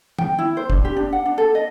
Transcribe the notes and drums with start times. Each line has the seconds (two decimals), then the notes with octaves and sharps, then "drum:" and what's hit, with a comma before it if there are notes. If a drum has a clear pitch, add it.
0.19 G5, drum: tom
0.39 E4
0.57 C5
0.70 D4, drum: kick F#1
0.85 G4
0.97 D4
1.13 F#5
1.26 D4
1.38 A4
1.55 D#5